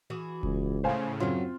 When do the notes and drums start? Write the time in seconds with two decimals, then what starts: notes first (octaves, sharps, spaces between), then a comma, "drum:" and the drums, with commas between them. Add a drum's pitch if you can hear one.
0.10 E3 F#4 G#4
0.43 C#2, drum: kick E1
0.84 A2 C#3 C5 F5 G#5
1.20 F#2 F#3 A3 C4 F4